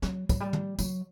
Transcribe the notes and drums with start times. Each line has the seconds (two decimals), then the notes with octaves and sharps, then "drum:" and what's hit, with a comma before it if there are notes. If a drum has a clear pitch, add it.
0.02 F#3, drum: snare
0.29 F#3, drum: kick, tambourine
0.40 G3
0.53 drum: tom
0.79 F#3, drum: tambourine